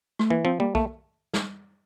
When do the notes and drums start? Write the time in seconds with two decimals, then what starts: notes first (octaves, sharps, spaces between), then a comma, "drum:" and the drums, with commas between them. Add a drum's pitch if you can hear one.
0.19 A3, drum: rim click
0.30 E3 A#3
0.45 F3 C4
0.60 G3 A#3
0.75 A3 A#3, drum: kick
1.34 drum: snare